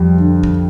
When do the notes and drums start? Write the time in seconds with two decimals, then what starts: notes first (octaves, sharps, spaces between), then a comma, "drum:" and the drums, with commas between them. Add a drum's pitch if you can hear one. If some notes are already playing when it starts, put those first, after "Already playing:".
Already playing: F2 G3
0.18 D3
0.43 drum: kick